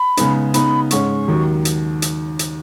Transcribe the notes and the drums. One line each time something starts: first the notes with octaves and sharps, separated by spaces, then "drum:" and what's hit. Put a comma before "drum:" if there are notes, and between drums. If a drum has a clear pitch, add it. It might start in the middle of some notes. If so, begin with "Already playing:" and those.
Already playing: B5
C#3 G#3 B3 D#4, drum: hi-hat
C#3 B3 D#4 B5, drum: hi-hat
G#2 G#3 C#4 C#6, drum: hi-hat
D#2 D#3 F#3
drum: hi-hat
drum: hi-hat
drum: hi-hat